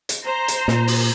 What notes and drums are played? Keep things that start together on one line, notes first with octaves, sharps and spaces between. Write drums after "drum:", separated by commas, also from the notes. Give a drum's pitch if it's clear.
drum: hi-hat
C5 A#5
drum: hi-hat
A#2, drum: snare
drum: open hi-hat